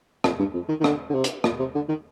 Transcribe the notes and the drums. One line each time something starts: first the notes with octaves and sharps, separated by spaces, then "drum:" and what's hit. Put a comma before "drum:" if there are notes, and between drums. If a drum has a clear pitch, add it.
F2, drum: rim click
G2
F2
D#3
D#3
D3, drum: rim click
D3
C3
drum: hi-hat
A#2, drum: rim click
C3
D3
D#3